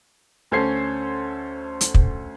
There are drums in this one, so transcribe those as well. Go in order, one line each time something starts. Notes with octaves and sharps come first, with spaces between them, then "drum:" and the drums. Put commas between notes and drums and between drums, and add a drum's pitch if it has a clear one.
D2 C#4 A4 C5 G#6 C7
drum: hi-hat
drum: kick